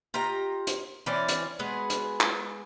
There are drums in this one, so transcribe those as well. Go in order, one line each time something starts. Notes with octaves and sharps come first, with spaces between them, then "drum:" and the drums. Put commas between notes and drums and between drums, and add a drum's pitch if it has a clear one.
F4 G4 D#5 A#5
drum: hi-hat
E3 C4 C#4 D5
drum: hi-hat
G#3 B3 F#4 G#4
drum: hi-hat
drum: clap